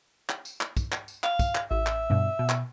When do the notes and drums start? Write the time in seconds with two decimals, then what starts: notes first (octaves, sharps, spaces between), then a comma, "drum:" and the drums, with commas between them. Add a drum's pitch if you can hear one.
0.29 drum: clap
0.45 drum: tambourine
0.61 drum: clap
0.77 drum: kick, tambourine
0.92 drum: clap
1.08 drum: tambourine
1.24 F5, drum: clap
1.39 drum: kick, tambourine
1.55 drum: clap
1.71 A1 E5
1.87 drum: clap
2.10 G2 B2
2.39 B2
2.49 drum: clap